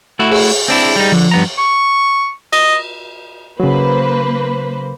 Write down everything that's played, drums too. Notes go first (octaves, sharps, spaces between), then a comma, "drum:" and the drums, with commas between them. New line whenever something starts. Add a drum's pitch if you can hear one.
A3 E4 F#4
G#4, drum: cymbal
C4 D4 E4
G3 D#4
D3 F3
G2 B3 A#5
C#6
D#5, drum: cymbal
C#3 F#3 A#3 B4 C5